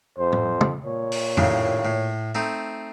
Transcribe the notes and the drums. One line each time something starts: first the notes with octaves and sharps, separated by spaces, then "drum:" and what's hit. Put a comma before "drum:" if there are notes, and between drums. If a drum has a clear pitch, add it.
F2 C5
drum: tom
drum: tom
A#2 C#5
drum: open hi-hat
D#2 A2 C#3, drum: tom F2
A2
A3 C4 D#4